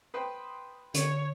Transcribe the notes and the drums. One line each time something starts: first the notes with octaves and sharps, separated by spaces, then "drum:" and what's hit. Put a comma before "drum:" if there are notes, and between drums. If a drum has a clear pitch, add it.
B4 C5 G5 D#6
D3 C#5, drum: hi-hat